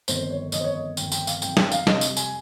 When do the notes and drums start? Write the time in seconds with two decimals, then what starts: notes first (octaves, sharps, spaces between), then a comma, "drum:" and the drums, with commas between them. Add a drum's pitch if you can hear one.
0.08 G1 F2 D#3 C5, drum: tambourine
0.30 C#5
0.52 G1 F2 D#3 D#5, drum: tambourine
0.60 C5
0.64 C#5
0.75 D#5
0.97 G1 F2 D#3 G5, drum: tambourine
1.12 G5, drum: tambourine
1.27 F5, drum: tambourine
1.42 G1 F2 D#3 G5, drum: tambourine
1.57 G5, drum: snare
1.72 F5, drum: tambourine
1.87 F1 F2 C3 G3 D#5, drum: snare
2.01 drum: tambourine
2.17 G#5, drum: tambourine